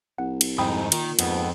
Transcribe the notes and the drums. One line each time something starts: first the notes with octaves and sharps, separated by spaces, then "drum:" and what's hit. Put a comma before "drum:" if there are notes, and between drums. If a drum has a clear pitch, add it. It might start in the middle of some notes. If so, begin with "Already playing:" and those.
C2 F#5
drum: cymbal
F2 G#2 D#4 G5 B5 D#6
A#2 D#3, drum: cymbal
F2 G#2 B3, drum: cymbal